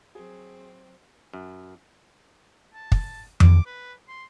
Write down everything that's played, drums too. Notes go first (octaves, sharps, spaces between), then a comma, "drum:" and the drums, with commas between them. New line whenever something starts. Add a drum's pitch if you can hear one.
F#3 C4 G#4
F#2
A5
drum: kick
D6, drum: tom F2
B4
C6